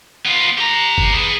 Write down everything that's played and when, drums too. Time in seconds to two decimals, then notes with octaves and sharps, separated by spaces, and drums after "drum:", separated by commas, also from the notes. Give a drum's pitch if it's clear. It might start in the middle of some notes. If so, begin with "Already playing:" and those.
0.26 B3 F4
0.58 G4 A#5
0.98 drum: kick F#1
1.13 G#4 B4